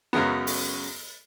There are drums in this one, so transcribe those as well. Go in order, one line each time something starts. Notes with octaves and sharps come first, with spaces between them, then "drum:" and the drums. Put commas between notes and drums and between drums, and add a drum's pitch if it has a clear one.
F#2 C#3 F#3 G#3 B3
drum: open hi-hat